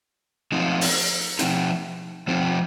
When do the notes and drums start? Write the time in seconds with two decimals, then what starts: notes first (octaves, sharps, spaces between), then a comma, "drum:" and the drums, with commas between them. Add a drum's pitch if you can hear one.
0.52 F3 C4 D#4
0.81 drum: open hi-hat
1.39 F3 C4 D#4, drum: hi-hat
2.28 F3 C4 D#4